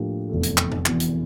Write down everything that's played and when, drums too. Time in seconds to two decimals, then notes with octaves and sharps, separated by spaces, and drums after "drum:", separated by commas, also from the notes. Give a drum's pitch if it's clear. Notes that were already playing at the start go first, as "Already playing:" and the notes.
Already playing: A2 F3 A#3 D4 G4
0.29 F1 E2 D3 A3
0.43 drum: hi-hat
0.57 drum: clap
0.72 drum: tom G#2
0.86 E1 E2 E3, drum: clap
1.00 drum: hi-hat